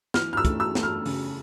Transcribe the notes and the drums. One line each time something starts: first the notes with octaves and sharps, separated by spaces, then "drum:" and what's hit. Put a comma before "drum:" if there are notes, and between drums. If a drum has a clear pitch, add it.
E3 F6, drum: snare
F6
E6
A3, drum: kick, hi-hat
E6
A3, drum: snare
F6
C#3, drum: open hi-hat